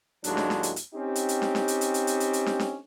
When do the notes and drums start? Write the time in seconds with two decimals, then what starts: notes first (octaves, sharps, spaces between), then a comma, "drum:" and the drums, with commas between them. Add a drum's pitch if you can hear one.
0.24 D#2 A2 F#3 G#3 D4, drum: hi-hat
0.37 drum: snare
0.50 drum: snare
0.63 drum: hi-hat
0.76 drum: hi-hat
0.94 C4 C#4 D#4 G4
1.15 drum: hi-hat
1.29 drum: hi-hat
1.42 drum: snare
1.55 drum: snare
1.68 drum: hi-hat
1.81 drum: hi-hat
1.94 drum: hi-hat
2.07 drum: hi-hat
2.20 drum: hi-hat
2.33 drum: hi-hat
2.46 drum: snare
2.59 drum: snare